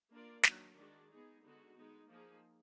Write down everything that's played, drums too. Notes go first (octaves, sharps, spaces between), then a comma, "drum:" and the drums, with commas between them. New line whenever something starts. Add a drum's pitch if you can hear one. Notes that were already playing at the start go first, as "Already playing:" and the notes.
A#3 D4 F4 A#4 D5
D#3 F#3 A#3 D4 F#4, drum: snare
D#3 G#3 D4 F#4 D5
G#3 B3 D#4 G#4
D3 G#3 B3 D#4 F#4
G#3 B3 D#4
F3 A#3 D#4 G#4